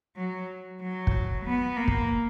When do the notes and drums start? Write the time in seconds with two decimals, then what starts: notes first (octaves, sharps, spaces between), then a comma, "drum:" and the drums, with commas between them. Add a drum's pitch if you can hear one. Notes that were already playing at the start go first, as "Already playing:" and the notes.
0.16 F#3
0.80 F#3
1.07 drum: kick
1.45 B3
1.77 A#3
1.88 drum: kick